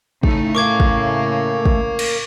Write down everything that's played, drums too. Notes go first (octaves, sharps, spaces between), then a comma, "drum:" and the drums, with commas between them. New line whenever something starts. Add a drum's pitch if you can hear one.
A2 C#3 A3 D#4, drum: kick
A#4 F5 C#6 D6 G#6
drum: kick
drum: kick
drum: cymbal